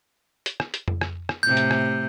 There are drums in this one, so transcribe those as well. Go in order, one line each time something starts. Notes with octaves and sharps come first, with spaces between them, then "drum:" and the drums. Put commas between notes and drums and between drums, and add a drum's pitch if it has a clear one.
drum: hi-hat
drum: rim click
drum: hi-hat
drum: tom F2
drum: rim click
drum: rim click
A2 C3 G6
drum: hi-hat
drum: rim click